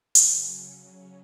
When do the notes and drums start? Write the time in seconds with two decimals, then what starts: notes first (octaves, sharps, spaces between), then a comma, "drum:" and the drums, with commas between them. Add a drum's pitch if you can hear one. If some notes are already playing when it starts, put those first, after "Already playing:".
0.15 C#3 F#3 C#4, drum: hi-hat